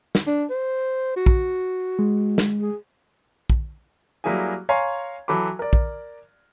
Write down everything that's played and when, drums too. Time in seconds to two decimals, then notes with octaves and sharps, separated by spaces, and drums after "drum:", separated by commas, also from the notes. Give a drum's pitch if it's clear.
0.15 drum: snare
0.27 D4
0.50 C5
1.16 F#4
1.26 drum: kick
1.99 G#3
2.38 drum: snare
2.61 G#4
3.50 drum: kick
4.24 F#3 G3 A#3 E4 G#4 G#5
4.69 C#5 F5 G#5 A#5 C6
5.28 E3 F#3 A4 B5 D6
5.59 A#4 D5
5.73 drum: kick